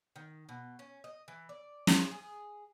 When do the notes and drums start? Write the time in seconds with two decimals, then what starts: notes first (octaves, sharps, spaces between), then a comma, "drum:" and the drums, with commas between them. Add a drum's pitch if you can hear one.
0.16 D#3
0.49 B2
0.79 C#4
1.04 D#5
1.28 E3
1.49 D5
1.87 G#3, drum: snare
2.11 G#4